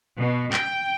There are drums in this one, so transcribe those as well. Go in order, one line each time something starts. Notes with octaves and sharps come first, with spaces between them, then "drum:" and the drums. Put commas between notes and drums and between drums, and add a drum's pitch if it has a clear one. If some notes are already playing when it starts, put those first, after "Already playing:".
B2
G5, drum: clap